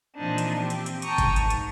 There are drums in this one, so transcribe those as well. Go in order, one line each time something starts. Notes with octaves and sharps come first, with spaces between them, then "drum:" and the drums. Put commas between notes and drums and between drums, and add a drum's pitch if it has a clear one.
A#2 E3 F3 C4 D4 D#4
drum: hi-hat
C4 G4
drum: hi-hat
drum: hi-hat
G5 A5 A#5 C#6 D#6, drum: hi-hat
drum: kick, hi-hat
G#2 D#3, drum: hi-hat
drum: hi-hat